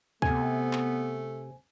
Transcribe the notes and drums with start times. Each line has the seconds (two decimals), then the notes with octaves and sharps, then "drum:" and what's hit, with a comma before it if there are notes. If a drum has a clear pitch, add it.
0.22 C3 A3 B3 G#5, drum: kick C#2
0.73 drum: clap